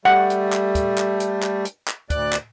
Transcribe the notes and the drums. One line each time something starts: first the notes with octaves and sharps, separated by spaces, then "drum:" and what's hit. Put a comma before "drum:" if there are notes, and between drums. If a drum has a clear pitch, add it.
G3 A3 F#5
drum: hi-hat
drum: clap
drum: kick, hi-hat
drum: clap
drum: hi-hat
drum: clap
drum: hi-hat
drum: clap
D2 D5 F#6, drum: kick, hi-hat
drum: clap